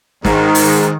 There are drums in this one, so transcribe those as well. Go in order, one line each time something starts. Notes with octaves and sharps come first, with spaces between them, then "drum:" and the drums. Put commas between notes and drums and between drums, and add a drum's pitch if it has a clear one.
G#2 D#3, drum: snare
drum: open hi-hat